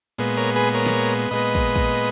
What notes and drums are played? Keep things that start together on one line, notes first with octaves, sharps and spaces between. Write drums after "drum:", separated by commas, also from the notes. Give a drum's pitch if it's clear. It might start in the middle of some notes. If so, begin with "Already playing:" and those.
A#2 G#3 B3
A#4 C#5
G#4 B4
A#4 C#5
drum: snare
A#2 G#3 B3 B4 D#5
drum: kick
drum: kick